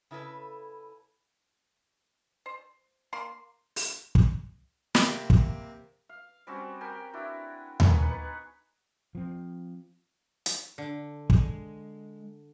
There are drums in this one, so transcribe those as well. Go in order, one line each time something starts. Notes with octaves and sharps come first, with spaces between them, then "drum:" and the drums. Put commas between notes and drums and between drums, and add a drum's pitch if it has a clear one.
C#3 E4 A4 B4
C5
A#3 C6
drum: open hi-hat
drum: kick
C3 A#3 C4 G4 B5, drum: snare
drum: kick
F5
G3 C4 C#4 F#4
G4 A#4 G5 G#5
D4 E4 F#4
A#3 G#4 B4 C#6, drum: tom D#2
B3 D#4 F#5
F3 C4
drum: hi-hat
D3
G#3, drum: kick